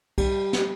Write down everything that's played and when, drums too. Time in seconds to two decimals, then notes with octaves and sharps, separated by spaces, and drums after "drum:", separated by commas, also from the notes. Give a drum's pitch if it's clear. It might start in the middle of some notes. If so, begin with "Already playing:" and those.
0.18 G3, drum: kick, cymbal
0.53 drum: snare